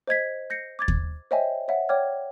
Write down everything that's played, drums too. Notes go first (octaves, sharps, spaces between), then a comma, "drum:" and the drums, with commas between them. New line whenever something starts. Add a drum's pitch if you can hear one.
C5 D#5 G#6 B6
G6 A#6 C7 C#7
D6 G#6 A6
drum: kick D#2
C5 C#5 D#5 E5 G5 G#5
C#5 E5 F#5
C#5 D5 G5 D6 F6 G#6